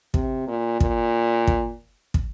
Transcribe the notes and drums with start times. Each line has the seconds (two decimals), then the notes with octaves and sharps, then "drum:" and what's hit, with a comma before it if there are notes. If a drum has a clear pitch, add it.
0.14 C3, drum: kick
0.47 A#2
0.80 A#2, drum: kick
1.47 drum: kick
2.14 drum: kick